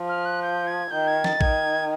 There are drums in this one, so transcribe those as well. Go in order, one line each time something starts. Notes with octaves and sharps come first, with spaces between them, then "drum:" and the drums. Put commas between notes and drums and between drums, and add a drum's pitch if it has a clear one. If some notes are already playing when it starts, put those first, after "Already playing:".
Already playing: F3
F6
F#6
G6
G#6
D#3 G6
G#6
A6, drum: snare
D#3 G#6, drum: kick